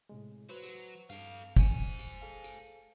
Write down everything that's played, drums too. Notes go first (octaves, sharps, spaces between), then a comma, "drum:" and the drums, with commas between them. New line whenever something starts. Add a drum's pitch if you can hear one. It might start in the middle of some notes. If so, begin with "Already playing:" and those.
A2 C3 G#3
F#3 B4 C5
drum: tambourine
G2 A4 F5, drum: tambourine
C5 G#5, drum: kick, tambourine
drum: tambourine
G#4 A4 F5
drum: tambourine